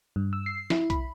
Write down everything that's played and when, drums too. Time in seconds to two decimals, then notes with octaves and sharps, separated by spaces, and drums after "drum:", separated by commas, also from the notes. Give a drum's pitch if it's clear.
0.16 G2
0.33 E6
0.46 C7
0.70 E4, drum: snare
0.90 B5, drum: kick B1, hi-hat